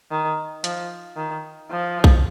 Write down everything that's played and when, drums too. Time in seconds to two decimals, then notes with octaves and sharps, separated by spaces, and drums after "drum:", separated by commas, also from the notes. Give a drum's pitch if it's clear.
0.11 D#3
0.64 F3, drum: hi-hat
1.16 D#3
1.70 F3
2.04 drum: kick B1